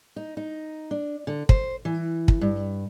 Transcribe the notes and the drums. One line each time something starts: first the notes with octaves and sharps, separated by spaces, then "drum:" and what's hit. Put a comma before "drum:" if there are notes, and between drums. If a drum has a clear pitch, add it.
D#4
D#4
D4
D3
C5, drum: kick
E3
drum: kick
G2